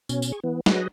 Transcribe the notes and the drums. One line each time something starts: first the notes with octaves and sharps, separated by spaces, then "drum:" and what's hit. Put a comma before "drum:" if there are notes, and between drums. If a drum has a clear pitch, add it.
B2 C#4, drum: tambourine
drum: tambourine
G#4 C#6
E3 B3
F#3 F#4 G#4 B4 D#5, drum: snare